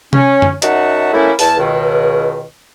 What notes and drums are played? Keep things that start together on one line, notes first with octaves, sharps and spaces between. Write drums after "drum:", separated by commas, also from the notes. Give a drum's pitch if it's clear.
C#4, drum: tom C3
drum: tom F#2
F#2 D#4 F#4 E5 F#5 A5, drum: hi-hat
F#3 A3 A#3 C#4 E4
E2 A5, drum: open hi-hat
C#2 B2 D#3